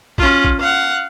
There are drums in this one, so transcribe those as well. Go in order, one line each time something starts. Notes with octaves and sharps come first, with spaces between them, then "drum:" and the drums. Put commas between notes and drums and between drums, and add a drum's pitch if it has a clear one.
C#4 F4, drum: kick A1
drum: kick A1
F5 F#5